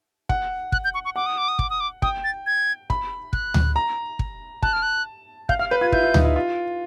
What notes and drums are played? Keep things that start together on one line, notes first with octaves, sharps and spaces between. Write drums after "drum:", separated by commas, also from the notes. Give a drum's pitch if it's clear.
F#5, drum: kick
F#6, drum: kick
G6
C#6
C#6
F#5 D6
D#6
D6
D#6
D6, drum: kick
D#6
D6
G5 D#6, drum: kick
A6
G#6
B5, drum: kick
F#6, drum: kick
drum: tom D2
A#5
drum: kick
A5 F#6, drum: kick
F6
F#6
F5 G6, drum: kick
F5 F6
B4 G6
F4 G#6
E4 G6, drum: kick
E4
D#4, drum: tom D2
E4
F4